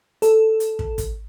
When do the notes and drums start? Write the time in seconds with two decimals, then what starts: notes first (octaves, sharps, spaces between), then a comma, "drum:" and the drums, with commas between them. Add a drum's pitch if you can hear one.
0.22 A4, drum: hi-hat
0.60 drum: hi-hat
0.79 drum: kick
0.98 drum: kick, hi-hat